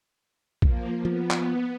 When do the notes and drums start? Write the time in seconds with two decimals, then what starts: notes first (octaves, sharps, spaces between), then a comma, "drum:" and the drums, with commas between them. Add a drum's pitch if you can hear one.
0.62 F3 A#3, drum: kick A#1
1.05 F3 B3
1.31 drum: clap